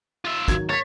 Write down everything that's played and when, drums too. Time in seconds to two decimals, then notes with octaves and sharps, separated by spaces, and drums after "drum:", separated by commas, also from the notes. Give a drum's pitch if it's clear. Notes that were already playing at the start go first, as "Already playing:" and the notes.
0.25 F4 E5
0.48 D#3 F#3 G#6, drum: kick, hi-hat
0.69 C#5 A6 B6